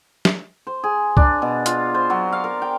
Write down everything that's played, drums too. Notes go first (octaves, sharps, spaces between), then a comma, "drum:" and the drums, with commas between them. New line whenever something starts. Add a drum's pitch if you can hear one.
drum: snare
C5
G#4
D4, drum: kick
B2
F4, drum: hi-hat
C5
F#3
F5
A#4
G5